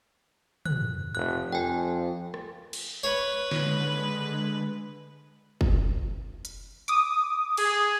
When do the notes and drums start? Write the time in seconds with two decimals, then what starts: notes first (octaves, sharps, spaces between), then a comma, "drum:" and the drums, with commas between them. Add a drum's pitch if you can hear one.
0.66 F#6, drum: tom
1.15 F1 F#6
1.52 F2 G5 G#5
2.34 drum: rim click
2.73 drum: cymbal
3.03 B4 C#5
3.51 D3 G#3, drum: snare
5.61 drum: kick
6.45 drum: hi-hat
6.88 D6 D#6, drum: hi-hat
7.57 G#4, drum: cymbal